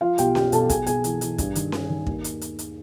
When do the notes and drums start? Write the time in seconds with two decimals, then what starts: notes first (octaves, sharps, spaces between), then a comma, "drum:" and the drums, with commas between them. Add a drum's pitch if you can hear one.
0.01 F3 F4 F5
0.18 B1 G4 G5, drum: hi-hat
0.35 B1 G4 G5, drum: snare C#4
0.52 B1 A4 A5, drum: hi-hat
0.69 B1 G#4 G#5, drum: kick, hi-hat
0.86 B1 G#4 G#5, drum: hi-hat
1.04 E3, drum: hi-hat
1.21 E3, drum: hi-hat
1.38 G2, drum: kick, hi-hat
1.55 D#3, drum: hi-hat
1.72 G2, drum: snare C#4
1.90 D#3
2.07 D#2, drum: kick
2.24 drum: hi-hat
2.41 drum: hi-hat
2.59 drum: hi-hat